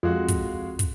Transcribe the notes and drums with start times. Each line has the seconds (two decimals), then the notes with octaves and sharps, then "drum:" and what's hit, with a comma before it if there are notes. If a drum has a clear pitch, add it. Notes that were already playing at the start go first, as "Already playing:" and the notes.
0.03 F2 G#3 F4 F#4
0.28 drum: kick, hi-hat
0.79 drum: kick, hi-hat